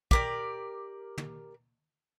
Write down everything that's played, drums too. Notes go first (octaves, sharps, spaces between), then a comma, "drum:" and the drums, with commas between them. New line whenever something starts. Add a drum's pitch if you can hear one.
G4 A#4 D5, drum: kick
drum: tom